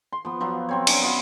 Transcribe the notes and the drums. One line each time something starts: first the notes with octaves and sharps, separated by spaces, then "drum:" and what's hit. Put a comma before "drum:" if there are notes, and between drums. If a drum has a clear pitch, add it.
C6
F3 B3
F3 F#3 F4
F#3 C4 C#5
C#4 D4, drum: cymbal
B3 E4 F4